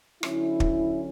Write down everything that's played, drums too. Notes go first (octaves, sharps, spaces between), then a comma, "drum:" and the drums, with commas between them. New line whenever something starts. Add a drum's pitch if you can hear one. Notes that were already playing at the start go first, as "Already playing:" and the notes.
D3 F#3 C#4 E4, drum: rim click
drum: kick